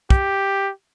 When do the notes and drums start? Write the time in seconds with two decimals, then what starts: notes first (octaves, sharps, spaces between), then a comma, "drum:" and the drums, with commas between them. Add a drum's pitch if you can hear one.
0.10 G4, drum: kick